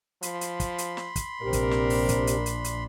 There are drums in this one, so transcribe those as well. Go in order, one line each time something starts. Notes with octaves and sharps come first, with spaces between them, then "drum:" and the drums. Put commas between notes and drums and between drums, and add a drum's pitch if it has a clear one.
F3 B5 C6, drum: hi-hat
drum: hi-hat
drum: kick, hi-hat
drum: hi-hat
drum: snare
drum: kick, hi-hat
A#1 C3 C4 D4 G4 A#4
drum: kick, hi-hat
drum: snare
drum: open hi-hat
drum: kick, hi-hat
drum: hi-hat
drum: hi-hat
drum: hi-hat